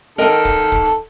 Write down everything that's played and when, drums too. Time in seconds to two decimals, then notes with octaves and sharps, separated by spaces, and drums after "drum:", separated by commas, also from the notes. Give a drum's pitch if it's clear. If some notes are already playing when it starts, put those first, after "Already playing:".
0.18 D#3 A4 A#4 D#5 G5, drum: hi-hat
0.32 drum: hi-hat
0.45 drum: kick, hi-hat
0.59 drum: hi-hat
0.72 drum: kick
0.85 drum: hi-hat